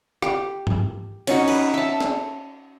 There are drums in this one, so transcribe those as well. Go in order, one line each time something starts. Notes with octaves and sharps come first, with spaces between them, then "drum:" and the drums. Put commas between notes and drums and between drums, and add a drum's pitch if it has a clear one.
G4, drum: rim click
drum: tom
C#4 D#4 F#4, drum: cymbal
B4, drum: cymbal
E5 A5
drum: snare